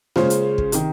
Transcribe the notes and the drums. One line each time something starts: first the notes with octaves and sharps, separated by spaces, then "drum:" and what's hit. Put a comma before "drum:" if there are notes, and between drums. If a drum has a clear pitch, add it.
C#3 G#3 C#4 F4 C5, drum: snare A#3
drum: hi-hat
drum: kick
C3 D#3, drum: hi-hat